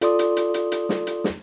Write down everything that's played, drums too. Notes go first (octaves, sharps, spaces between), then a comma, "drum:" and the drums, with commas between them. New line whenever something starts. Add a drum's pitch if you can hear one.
F4 A4 D5 C6 D#6, drum: hi-hat
drum: hi-hat
drum: hi-hat
drum: hi-hat
drum: hi-hat
drum: snare
drum: hi-hat
drum: snare